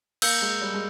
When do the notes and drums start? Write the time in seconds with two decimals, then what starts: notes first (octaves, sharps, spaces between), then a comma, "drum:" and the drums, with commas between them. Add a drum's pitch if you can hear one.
0.22 A#3 E6 G6 C#7, drum: cymbal
0.42 G#3
0.62 G3
0.74 G#3